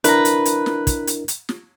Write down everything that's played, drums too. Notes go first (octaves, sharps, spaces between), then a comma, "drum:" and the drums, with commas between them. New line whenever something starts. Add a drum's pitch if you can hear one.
D4 E4 A#4 B4 A#5, drum: hi-hat
drum: hi-hat
drum: hi-hat
drum: snare
drum: kick, hi-hat
drum: hi-hat
drum: hi-hat
drum: snare